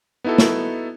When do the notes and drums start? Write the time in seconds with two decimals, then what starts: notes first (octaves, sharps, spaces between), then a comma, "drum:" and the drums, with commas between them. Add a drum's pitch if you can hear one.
0.24 B3 D#4 E4 F#4 A4
0.38 drum: snare